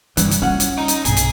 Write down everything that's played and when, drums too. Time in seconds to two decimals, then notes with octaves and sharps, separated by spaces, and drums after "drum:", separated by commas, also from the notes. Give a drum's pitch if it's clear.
0.17 G2 C#3 E3 G3, drum: hi-hat
0.31 drum: hi-hat
0.42 G3 C#4 F4 F#5
0.60 drum: hi-hat
0.78 D#4
0.88 drum: hi-hat
1.05 B1 G2 G#4, drum: hi-hat
1.17 drum: hi-hat